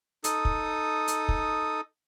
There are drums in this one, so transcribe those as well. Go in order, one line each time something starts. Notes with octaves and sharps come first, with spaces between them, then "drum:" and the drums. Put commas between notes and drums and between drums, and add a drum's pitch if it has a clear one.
D#4 A4 D#6, drum: hi-hat
drum: kick
drum: hi-hat
drum: kick